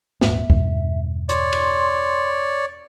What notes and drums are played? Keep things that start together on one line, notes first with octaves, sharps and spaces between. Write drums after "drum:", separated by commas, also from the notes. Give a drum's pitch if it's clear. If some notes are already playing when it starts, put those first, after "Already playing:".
D#1 G#2 G#3 E5, drum: snare
E2 G2 B2, drum: kick
C#5 D5 C6, drum: hi-hat
drum: cymbal